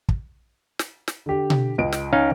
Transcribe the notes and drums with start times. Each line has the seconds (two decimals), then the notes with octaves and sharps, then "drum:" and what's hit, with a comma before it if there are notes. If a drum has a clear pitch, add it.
0.09 drum: kick
0.79 drum: snare
1.08 drum: snare
1.26 D3 G4
1.50 drum: tom B2
1.78 C#2 D#5 D7
1.92 drum: snare
2.13 C#4 D#4 F5